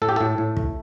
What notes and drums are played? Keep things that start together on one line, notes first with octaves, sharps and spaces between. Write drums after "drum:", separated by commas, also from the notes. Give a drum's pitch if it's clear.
A2 A4
G4
A2 A4
A2
A3, drum: kick